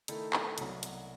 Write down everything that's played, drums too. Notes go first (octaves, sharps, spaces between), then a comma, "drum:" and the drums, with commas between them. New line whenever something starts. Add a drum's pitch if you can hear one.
D#3 A3 E4 A4, drum: hi-hat
drum: clap
C2 B2 F#3, drum: hi-hat
drum: hi-hat